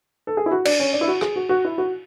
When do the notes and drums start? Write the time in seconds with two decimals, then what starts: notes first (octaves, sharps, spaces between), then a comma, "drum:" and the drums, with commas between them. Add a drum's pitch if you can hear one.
0.27 A4
0.37 G#4
0.46 E4
0.51 F#4
0.65 D4, drum: cymbal
0.80 C#4
0.93 D4
1.01 E4
1.08 F#4
1.21 G#4, drum: rim click
1.36 F#4
1.49 F#4
1.65 E4
1.78 F#4